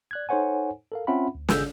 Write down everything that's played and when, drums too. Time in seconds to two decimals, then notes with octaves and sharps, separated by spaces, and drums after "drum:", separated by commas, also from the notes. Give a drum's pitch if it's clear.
0.11 D5 F#6 G#6
0.29 D#4 A4 C5 C#5 F#5 G#5
0.92 A4 A#4 F5
1.07 C4 C#4 F4 E5 F#5 B5
1.35 D2
1.49 G#1 C#3 G#4 E6 G6, drum: snare